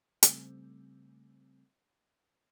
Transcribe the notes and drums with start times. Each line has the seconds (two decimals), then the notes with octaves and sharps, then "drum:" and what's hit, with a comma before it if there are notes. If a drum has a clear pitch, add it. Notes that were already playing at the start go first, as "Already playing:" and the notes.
0.23 C#3 G3 A3 C4, drum: hi-hat